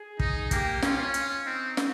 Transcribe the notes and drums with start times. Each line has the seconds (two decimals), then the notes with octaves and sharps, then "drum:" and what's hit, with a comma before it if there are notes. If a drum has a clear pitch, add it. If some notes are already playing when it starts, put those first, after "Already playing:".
Already playing: G#4
0.20 D#4, drum: kick
0.51 A#3 G4, drum: kick, hi-hat
0.82 C#4 F4, drum: snare
1.14 F4, drum: hi-hat
1.46 C4 D#4
1.77 drum: snare